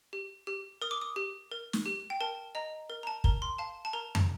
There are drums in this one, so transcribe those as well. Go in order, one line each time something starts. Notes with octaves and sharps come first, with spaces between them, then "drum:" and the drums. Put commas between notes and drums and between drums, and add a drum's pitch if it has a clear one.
G4
G4
A#4 D#6
D6
D#6
G4
A#4
drum: snare
G4
G5
A#4 A5
D#5 A#5
A#4
A#5
A5
A#4 A#5, drum: kick
C6
F5 A5
A5
A#4 A#5
drum: tom